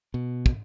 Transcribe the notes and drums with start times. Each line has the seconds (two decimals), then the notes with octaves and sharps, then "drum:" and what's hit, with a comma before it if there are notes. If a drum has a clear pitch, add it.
0.14 B2
0.46 drum: kick